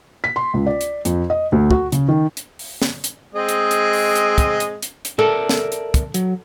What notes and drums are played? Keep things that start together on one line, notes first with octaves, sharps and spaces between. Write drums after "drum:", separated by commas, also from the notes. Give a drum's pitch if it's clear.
B6
C6
C#2
D5
drum: hi-hat
F2, drum: hi-hat
D#5
D2
F#4, drum: kick
C#3, drum: hi-hat
D#3
drum: hi-hat
drum: open hi-hat
drum: snare
drum: hi-hat
G#3 C4 D#5
drum: hi-hat
drum: hi-hat
drum: open hi-hat
drum: hi-hat
drum: kick, hi-hat
drum: hi-hat
drum: hi-hat
drum: hi-hat
A4 A#4 D5 E5
drum: snare
drum: hi-hat
drum: kick, hi-hat
F#3, drum: hi-hat